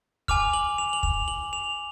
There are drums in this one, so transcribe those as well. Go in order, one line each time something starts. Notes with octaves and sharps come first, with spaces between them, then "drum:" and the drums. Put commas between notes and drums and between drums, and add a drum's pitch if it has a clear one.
G#5 D6 F6 F7, drum: kick
F#7
F7
F#7
F7, drum: kick
F#7
F7